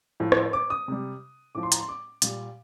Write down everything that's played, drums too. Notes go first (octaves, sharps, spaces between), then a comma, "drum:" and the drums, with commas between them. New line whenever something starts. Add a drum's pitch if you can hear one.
A2 F3
drum: rim click
D6
D#6
C3 G3
A2 F3 D6
C6
A#5, drum: hi-hat
C6
D6
A#2 G3, drum: hi-hat